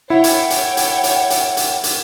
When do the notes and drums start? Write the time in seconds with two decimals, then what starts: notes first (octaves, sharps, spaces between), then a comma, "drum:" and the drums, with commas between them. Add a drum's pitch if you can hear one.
0.10 E4 C#5 F#5 G5
0.24 drum: hi-hat
0.50 drum: hi-hat
0.77 drum: hi-hat
1.04 drum: hi-hat
1.30 drum: hi-hat
1.57 drum: hi-hat
1.84 drum: hi-hat